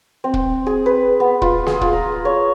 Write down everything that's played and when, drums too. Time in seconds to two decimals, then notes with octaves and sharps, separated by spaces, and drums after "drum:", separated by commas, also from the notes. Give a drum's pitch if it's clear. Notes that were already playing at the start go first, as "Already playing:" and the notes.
0.24 C4
0.34 drum: kick
0.67 G#4
0.86 B4
1.20 B3
1.42 F4, drum: kick
1.67 G#4, drum: snare
1.81 F4, drum: kick
1.93 A#5
2.25 C#5